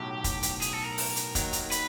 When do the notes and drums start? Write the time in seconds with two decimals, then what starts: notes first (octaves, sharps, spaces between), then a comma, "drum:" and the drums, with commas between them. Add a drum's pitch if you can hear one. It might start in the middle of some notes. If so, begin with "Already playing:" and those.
Already playing: B1 A2 F#3 G4
0.24 drum: kick, hi-hat
0.43 drum: hi-hat
0.62 G#4, drum: hi-hat
0.73 A4
0.85 A#4
0.98 drum: open hi-hat
1.16 drum: hi-hat
1.35 D#2 D#3 F#3, drum: kick, hi-hat
1.53 drum: hi-hat
1.71 B4, drum: hi-hat